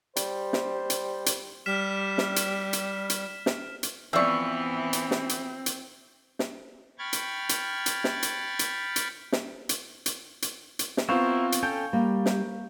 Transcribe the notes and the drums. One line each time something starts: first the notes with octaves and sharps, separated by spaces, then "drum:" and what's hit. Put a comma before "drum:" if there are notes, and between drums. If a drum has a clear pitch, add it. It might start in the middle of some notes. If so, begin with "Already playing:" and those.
G3 C5, drum: hi-hat
drum: snare
drum: hi-hat
drum: hi-hat
G3 F6 B6 E7
drum: snare
drum: hi-hat
drum: hi-hat
drum: hi-hat
drum: snare
drum: hi-hat
E3 F3 B3 C4 F4 D5 E5 C#6
drum: hi-hat
drum: snare
drum: hi-hat
drum: hi-hat
drum: snare
G5 B5 C#6 F6 G#6 A6
drum: hi-hat
drum: hi-hat
drum: hi-hat
drum: snare
drum: hi-hat
drum: hi-hat
drum: hi-hat
drum: snare
drum: hi-hat
drum: hi-hat
drum: hi-hat
drum: hi-hat
drum: snare
B3 C4 E4 F4 A#4 C5 F5 C#6
drum: hi-hat
C#4 A4 G5 G6
G3 A#3
drum: snare